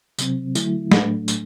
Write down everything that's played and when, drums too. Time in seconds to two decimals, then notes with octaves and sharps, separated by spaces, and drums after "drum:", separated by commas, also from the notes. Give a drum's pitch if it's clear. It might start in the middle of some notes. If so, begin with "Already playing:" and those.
0.19 C3 F#3 C4, drum: tambourine
0.55 D3 F#3 A3 E4, drum: tambourine
0.91 A2 F#3 A3 D4, drum: snare
1.28 drum: tambourine